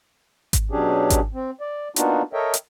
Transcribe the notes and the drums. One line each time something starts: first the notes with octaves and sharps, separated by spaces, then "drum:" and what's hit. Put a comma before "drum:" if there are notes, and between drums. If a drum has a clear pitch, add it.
drum: kick G#1, hi-hat
B2 F#3 C#4 D4 G4 G#4
drum: kick G#1, hi-hat
C4
D5
A#3 B3 D4 D#4 F4 F#4, drum: hi-hat
A4 A#4 C#5 D#5 E5 G5
drum: hi-hat